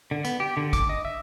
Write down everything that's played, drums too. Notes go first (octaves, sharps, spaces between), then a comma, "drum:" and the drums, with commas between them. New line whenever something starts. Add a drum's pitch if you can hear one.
D3
B3, drum: tambourine
G4
D3
D6, drum: kick, tambourine
D#5
E5